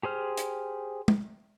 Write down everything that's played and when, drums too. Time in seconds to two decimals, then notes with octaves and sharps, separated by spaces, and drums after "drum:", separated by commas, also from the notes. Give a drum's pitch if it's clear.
0.03 G4 G#4 C5 F6
0.37 drum: hi-hat
1.08 drum: tom